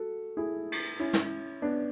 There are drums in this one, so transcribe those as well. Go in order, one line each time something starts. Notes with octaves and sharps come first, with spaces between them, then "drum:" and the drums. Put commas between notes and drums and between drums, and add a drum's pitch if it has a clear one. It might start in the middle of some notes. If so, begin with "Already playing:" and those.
Already playing: F#4 A4
E4 G#4
drum: cymbal
C#4 E4
drum: snare
B3 D4